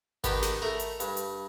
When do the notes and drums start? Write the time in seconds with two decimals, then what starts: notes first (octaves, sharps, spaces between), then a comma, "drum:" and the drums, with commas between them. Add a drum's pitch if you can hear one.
0.24 D#3 B3 D4 G4, drum: kick G#1, hi-hat
0.42 drum: snare
0.62 A3 A#4
0.80 drum: hi-hat
1.00 G2, drum: hi-hat
1.17 drum: hi-hat